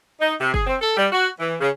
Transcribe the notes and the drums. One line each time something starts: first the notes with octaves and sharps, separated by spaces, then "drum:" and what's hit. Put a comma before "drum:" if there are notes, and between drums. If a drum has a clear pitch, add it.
D#4
C3
G#4, drum: kick F#1
C4
A4
G3
F#4
E3
C#3